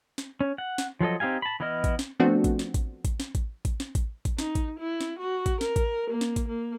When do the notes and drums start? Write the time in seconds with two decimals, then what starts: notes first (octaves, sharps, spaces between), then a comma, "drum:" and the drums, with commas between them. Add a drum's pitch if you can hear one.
0.18 drum: snare
0.41 C#4
0.58 F#5
0.78 drum: snare
1.00 F3 F#3 A4 D#5
1.20 C4 D#4 G4 F5 G#5
1.42 A5 B5
1.60 E3 B3 E4 D#5 F6
1.84 drum: kick A1, hi-hat
1.99 drum: snare
2.20 F3 A3 B3 C4 D4 F#4
2.44 drum: kick A1, hi-hat
2.59 drum: snare
2.74 drum: kick A1, hi-hat
3.05 drum: kick A1, hi-hat
3.20 drum: snare
3.35 drum: kick A1, hi-hat
3.65 drum: kick A1, hi-hat
3.80 drum: snare
3.95 drum: kick A1, hi-hat
4.25 drum: kick A1, hi-hat
4.38 D#4, drum: snare
4.55 drum: kick A1, hi-hat
4.79 E4
5.01 drum: snare
5.19 F#4
5.46 drum: kick A1, hi-hat
5.61 A#4, drum: snare
5.76 drum: kick A1, hi-hat
6.11 A#3
6.21 drum: snare
6.36 drum: kick A1, hi-hat
6.48 A#3